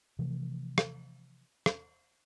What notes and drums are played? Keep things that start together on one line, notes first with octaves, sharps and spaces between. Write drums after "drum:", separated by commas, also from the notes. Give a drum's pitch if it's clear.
C3 E3 F3 A3
drum: rim click
drum: rim click